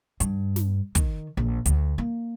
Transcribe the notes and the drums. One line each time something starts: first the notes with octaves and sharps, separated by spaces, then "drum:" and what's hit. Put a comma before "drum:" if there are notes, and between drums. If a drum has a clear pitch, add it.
G2, drum: hi-hat
drum: snare
D#3, drum: kick, hi-hat
A#1
D2, drum: hi-hat
A#3